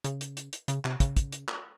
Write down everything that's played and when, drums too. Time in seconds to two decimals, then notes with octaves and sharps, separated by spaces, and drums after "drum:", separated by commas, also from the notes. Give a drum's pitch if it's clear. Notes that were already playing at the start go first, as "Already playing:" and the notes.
0.04 C#3, drum: hi-hat
0.21 drum: hi-hat
0.37 drum: hi-hat
0.53 drum: hi-hat
0.68 C#3, drum: hi-hat
0.85 C3, drum: clap
1.00 C#3, drum: kick, hi-hat
1.17 drum: kick, hi-hat
1.32 drum: hi-hat
1.48 drum: clap